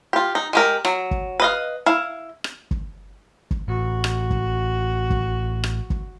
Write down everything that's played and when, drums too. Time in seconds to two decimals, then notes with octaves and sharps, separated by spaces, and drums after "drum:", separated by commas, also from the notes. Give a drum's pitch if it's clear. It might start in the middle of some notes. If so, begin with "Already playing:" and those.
0.13 F4 G4
0.35 D#4
0.53 G#3 G4 A#4
0.85 F#3, drum: rim click
1.11 drum: kick
1.40 B4 D#5 F5
1.86 E4 F5
2.44 drum: rim click
2.71 drum: kick
3.51 drum: kick
3.68 A1 F#4
4.04 drum: rim click
4.31 drum: kick
5.10 drum: kick
5.64 drum: rim click
5.90 drum: kick